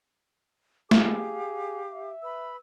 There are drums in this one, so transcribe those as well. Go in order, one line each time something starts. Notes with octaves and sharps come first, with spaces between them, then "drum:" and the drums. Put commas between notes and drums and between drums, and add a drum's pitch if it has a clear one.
G4 G#4 F5 D6, drum: snare
E5
B4 B5 E6